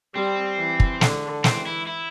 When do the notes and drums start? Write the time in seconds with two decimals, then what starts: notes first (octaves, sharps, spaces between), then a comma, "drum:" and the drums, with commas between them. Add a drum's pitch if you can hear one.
0.15 G3 C4
0.58 E3
0.80 drum: kick
1.01 D3, drum: snare
1.44 E3 C4, drum: snare
1.66 E4
1.87 E4